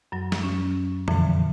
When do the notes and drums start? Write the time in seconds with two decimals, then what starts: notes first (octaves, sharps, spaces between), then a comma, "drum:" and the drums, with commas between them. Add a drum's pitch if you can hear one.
0.12 F#2 F#3
0.32 drum: snare
0.43 C#4
1.08 F2 A#2 D3 E3 F3, drum: tom